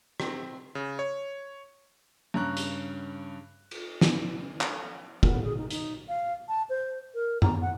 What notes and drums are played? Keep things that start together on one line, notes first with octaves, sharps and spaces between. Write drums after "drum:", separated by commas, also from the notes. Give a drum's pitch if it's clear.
C4, drum: rim click
C#3
C#5
G2 C#3 A#5 C#6 F#6
drum: hi-hat
drum: cymbal
drum: snare
drum: clap
B3, drum: kick
G#4
D#4
D#4, drum: hi-hat
F5
A5
C5
A#4
A#5, drum: tom F#2
F#5